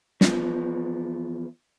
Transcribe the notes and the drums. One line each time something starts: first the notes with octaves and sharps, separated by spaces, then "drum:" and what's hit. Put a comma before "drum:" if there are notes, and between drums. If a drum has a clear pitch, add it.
E2 F3, drum: snare